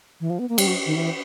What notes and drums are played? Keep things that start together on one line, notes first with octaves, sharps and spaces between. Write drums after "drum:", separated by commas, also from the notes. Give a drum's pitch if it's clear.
E3
F3
B3
A#3
G3, drum: cymbal
F#3
D#3
E3